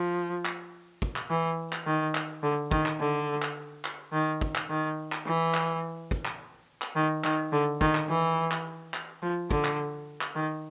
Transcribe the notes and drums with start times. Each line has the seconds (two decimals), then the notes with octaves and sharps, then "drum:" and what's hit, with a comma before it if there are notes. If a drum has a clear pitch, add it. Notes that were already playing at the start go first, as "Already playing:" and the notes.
Already playing: F3
0.45 drum: clap
1.02 drum: kick
1.16 drum: clap
1.30 E3
1.73 drum: clap
1.87 D#3
2.15 drum: clap
2.44 D3
2.71 D#3, drum: kick
2.86 drum: clap
3.00 D3
3.42 drum: clap
3.85 drum: clap
4.13 D#3
4.41 drum: kick
4.56 drum: clap
4.70 D#3
5.12 drum: clap
5.26 E3
5.55 drum: clap
6.11 drum: kick
6.25 drum: clap
6.82 drum: clap
6.96 D#3
7.24 D#3, drum: clap
7.53 D3
7.81 D#3, drum: kick
7.95 drum: clap
8.09 E3
8.52 drum: clap
8.94 drum: clap
9.22 F3
9.51 D3, drum: kick
9.65 drum: clap
10.21 drum: clap
10.35 D#3